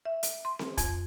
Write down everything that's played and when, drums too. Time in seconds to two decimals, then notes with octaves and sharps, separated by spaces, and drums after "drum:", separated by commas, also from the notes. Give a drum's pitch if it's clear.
0.05 E5
0.23 drum: hi-hat
0.45 C6
0.59 drum: snare C4
0.78 F2, drum: kick, hi-hat